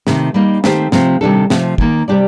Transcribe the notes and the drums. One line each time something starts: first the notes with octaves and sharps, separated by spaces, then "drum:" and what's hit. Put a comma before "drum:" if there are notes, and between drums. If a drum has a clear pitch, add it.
C3 D#3 A3, drum: snare
G3 A#3 D#4
D#3 A3 C4 G4 C5, drum: snare
C3 F3 A3 C4, drum: snare
C3 D#3 G3 D4 A4
C3 F3 A3, drum: snare
D#2 D#3 A#3, drum: kick
C3 G3 D4 G4 D5